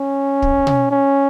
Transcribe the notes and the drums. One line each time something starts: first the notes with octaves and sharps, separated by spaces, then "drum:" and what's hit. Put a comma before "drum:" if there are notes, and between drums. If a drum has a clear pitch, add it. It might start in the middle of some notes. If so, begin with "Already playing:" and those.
Already playing: C#4
drum: kick
drum: tom B2
C#4